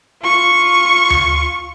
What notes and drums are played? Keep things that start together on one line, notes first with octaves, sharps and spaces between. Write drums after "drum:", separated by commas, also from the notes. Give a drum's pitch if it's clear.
F4 C#6
drum: tom D2